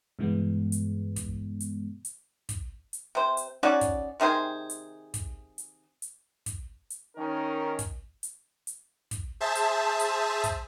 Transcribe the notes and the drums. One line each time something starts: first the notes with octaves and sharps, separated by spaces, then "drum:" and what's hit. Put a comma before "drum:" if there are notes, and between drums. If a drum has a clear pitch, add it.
G2 B2 E3 G#3 B3
drum: hi-hat
drum: kick, hi-hat
drum: hi-hat
drum: hi-hat
drum: kick, hi-hat
drum: hi-hat
C3 C5
drum: hi-hat
C#4 D#4 F#4 D5
drum: kick, hi-hat
C3 D#3 G#4 C5
drum: hi-hat
drum: kick, hi-hat
drum: hi-hat
drum: hi-hat
drum: kick, hi-hat
drum: hi-hat
D#3 C#4 D#4 A#4
drum: kick, hi-hat
drum: hi-hat
drum: hi-hat
drum: kick, hi-hat
G#4 C5 E5 A5
drum: hi-hat
drum: hi-hat
drum: kick, hi-hat